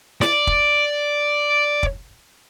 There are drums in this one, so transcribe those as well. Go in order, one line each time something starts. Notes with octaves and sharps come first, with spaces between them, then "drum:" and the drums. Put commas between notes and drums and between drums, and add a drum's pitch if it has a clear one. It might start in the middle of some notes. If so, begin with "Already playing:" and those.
D5, drum: snare
drum: kick
drum: kick